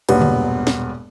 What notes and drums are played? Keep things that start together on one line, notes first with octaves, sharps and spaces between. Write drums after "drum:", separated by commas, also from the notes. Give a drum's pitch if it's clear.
E1 G2 A#2 B3, drum: cymbal
drum: tom C#3
drum: snare